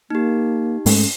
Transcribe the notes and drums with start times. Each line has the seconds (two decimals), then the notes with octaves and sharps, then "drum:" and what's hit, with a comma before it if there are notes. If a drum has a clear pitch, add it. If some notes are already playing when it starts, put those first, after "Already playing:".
0.10 A#3 D#4 G4
0.86 G#2 G#3 A3 C#4, drum: open hi-hat